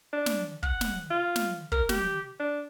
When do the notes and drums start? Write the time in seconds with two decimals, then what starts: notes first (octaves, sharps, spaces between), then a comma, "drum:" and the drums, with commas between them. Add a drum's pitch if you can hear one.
0.13 D4
0.26 drum: snare
0.63 F#5, drum: kick
0.81 drum: snare
1.10 F4
1.36 drum: snare
1.72 A#4, drum: kick
1.89 G4, drum: snare
2.40 D4